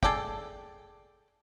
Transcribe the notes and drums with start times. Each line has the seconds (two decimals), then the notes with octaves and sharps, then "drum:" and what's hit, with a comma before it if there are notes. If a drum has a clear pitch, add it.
0.03 G#4 A4 D5 G5, drum: kick